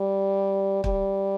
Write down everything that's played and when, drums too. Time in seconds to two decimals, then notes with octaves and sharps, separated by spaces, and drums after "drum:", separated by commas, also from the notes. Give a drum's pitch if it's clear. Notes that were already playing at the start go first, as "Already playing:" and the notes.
Already playing: G3
0.84 G3, drum: kick